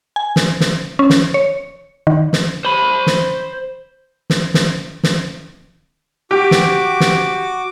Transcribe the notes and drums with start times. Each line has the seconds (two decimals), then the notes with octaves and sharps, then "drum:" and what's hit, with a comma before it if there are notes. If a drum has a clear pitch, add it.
0.16 G#5
0.36 drum: snare
0.60 drum: snare
0.99 C#4
1.10 drum: snare
1.34 C#5
2.07 D#3
2.33 drum: snare
2.65 C5 B5
3.07 drum: snare
4.30 drum: snare
4.54 drum: snare
5.03 drum: snare
6.31 F#4 G4 D6
6.51 drum: snare
7.00 drum: snare